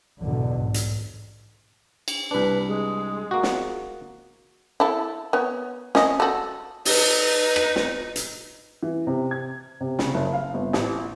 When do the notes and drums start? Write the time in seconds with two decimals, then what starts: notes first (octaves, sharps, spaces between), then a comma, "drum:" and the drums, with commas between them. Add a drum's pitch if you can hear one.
0.22 B1 E2 G#2 B2 D3 F#3
0.56 G#2
0.74 drum: hi-hat
2.08 drum: cymbal
2.31 C2 D4 B4
2.67 G#3
3.31 A#3 F#4
3.43 drum: snare
4.80 E4 A4
5.33 B3 C#5
5.95 C#4 D#5, drum: snare
6.20 F#4 A4
6.85 D#4 B4, drum: open hi-hat
7.56 drum: rim click
7.76 drum: snare
8.16 drum: hi-hat
8.83 E3
9.07 C3
9.31 G#6
9.81 C3
9.99 C#3, drum: snare
10.14 F#1
10.33 F5
10.54 G1
10.73 A1, drum: snare